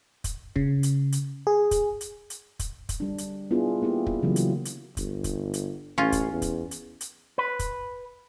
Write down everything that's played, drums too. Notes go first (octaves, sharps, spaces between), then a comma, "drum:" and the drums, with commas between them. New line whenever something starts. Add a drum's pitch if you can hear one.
drum: kick, hi-hat
C#3, drum: kick
drum: hi-hat
drum: hi-hat
G#4
drum: kick, hi-hat
drum: hi-hat
drum: hi-hat
drum: kick, hi-hat
drum: kick, hi-hat
G3 D4
drum: hi-hat
B3 D4 E4 F4 G#4
A#3 B3 E4 G4
drum: kick
C#3 E3 F#3 A#3
drum: hi-hat
drum: hi-hat
G1, drum: kick, hi-hat
drum: kick, hi-hat
drum: hi-hat
A1 C#4 F4
drum: kick, hi-hat
E2
drum: kick, hi-hat
drum: hi-hat
drum: hi-hat
B4
drum: kick, hi-hat